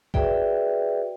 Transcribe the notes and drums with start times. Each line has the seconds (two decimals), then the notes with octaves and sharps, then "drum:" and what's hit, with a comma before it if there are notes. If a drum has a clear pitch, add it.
0.14 F#4 G#4 B4 D5 E5 G5, drum: kick G#1